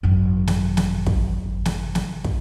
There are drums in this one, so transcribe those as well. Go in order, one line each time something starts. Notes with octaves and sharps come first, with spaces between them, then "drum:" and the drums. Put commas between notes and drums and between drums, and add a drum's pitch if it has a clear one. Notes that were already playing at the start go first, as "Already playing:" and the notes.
G#1 F#2
drum: snare
drum: snare
drum: kick
drum: snare
drum: snare
drum: kick